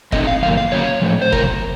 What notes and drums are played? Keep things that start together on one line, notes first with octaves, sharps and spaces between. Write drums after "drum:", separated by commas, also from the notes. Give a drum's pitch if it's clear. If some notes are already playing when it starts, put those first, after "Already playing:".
A#2 A3 C4 D#4 D#5, drum: kick
F5
F#2 D#3 A#3 F5
F5
C#3 F#3 A#3 C#4 C#5
A2 F3 A3
C5
F2 C3 A#4, drum: kick